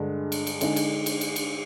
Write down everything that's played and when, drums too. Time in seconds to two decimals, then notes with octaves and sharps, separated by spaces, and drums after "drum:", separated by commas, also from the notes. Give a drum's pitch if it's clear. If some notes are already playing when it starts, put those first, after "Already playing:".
Already playing: G2 D3 G#3
0.32 drum: cymbal
0.47 drum: cymbal
0.61 D3 G#3 D#4 G#4, drum: cymbal
0.76 drum: cymbal
1.06 drum: cymbal
1.21 drum: cymbal
1.36 drum: cymbal